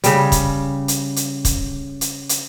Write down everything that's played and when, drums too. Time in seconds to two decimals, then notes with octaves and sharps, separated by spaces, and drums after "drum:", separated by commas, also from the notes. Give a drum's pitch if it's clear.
0.04 C#3 G3, drum: hi-hat
0.32 drum: kick, hi-hat
0.88 drum: hi-hat
1.16 drum: hi-hat
1.45 drum: kick, hi-hat
2.01 drum: hi-hat
2.29 drum: hi-hat